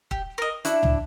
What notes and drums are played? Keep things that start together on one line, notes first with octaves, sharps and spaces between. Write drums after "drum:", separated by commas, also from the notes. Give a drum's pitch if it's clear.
G4, drum: kick
A#4 D#5
D4 E4 F#4, drum: hi-hat
drum: tom C#2